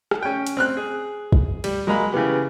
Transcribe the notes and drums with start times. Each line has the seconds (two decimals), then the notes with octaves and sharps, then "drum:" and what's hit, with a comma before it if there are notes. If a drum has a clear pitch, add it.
0.11 drum: rim click
0.22 C#4 G5
0.47 drum: hi-hat
0.57 C4 F6 F#6
0.77 G#4
1.32 drum: kick
1.64 G3, drum: cymbal
1.87 F#3 G#3 A#3 A#5 B5
2.12 C#3 E3 B3 G4